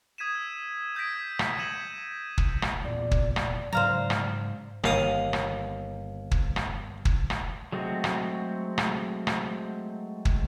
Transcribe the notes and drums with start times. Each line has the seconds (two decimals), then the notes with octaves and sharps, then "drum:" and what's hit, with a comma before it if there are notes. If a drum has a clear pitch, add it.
0.18 D#6 G#6 B6 D#7 E7
0.35 E6
0.95 D#6 G6 G#6 A#6 B6 D7
1.39 drum: rim click
1.58 G#6 B6 C#7 D#7 E7 F#7
2.38 drum: kick
2.62 drum: rim click
2.84 E2 A#2 D5
3.11 drum: kick
3.36 drum: rim click
3.73 G#2 C#3 F#3 C5 F5 A#5
4.10 drum: rim click
4.84 G1 D#2 F5 D#6, drum: rim click
5.33 drum: rim click
6.31 drum: kick
6.56 drum: rim click
7.05 drum: kick
7.30 drum: rim click
7.72 F#3 G#3 A3 C4 F#4
8.04 drum: rim click
8.78 drum: rim click
9.27 drum: rim click
10.25 drum: kick